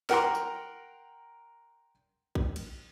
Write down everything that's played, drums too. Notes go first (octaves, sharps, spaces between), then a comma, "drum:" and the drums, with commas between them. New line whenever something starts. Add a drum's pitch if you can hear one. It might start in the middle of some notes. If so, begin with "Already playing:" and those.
A#4 F#5 G5 A#5 C6, drum: snare
drum: tambourine
drum: kick A#1
drum: cymbal